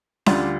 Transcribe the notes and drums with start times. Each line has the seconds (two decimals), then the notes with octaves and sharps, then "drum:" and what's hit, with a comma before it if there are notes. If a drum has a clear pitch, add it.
0.26 D2 D3 G3 D4 F4, drum: snare C#4